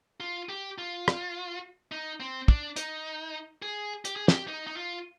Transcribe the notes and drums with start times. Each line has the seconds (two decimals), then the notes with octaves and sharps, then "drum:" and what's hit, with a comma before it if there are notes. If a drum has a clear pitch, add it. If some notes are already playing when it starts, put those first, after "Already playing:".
0.20 F4
0.49 G4
0.78 F4
1.08 drum: rim click
1.92 D#4
2.20 C4
2.48 D4, drum: kick
2.76 D#4, drum: hi-hat
3.62 G#4
4.05 G4, drum: hi-hat
4.16 G#4
4.28 G4, drum: snare
4.48 D#4
4.67 D#4
4.77 F4